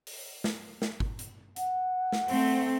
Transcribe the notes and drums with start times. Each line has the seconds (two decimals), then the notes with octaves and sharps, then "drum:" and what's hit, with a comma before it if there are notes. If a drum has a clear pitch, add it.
0.07 drum: open hi-hat
0.44 drum: snare
0.82 drum: snare
1.00 drum: kick
1.19 drum: hi-hat
1.56 F#5, drum: hi-hat
2.12 drum: snare
2.28 A3 C4, drum: open hi-hat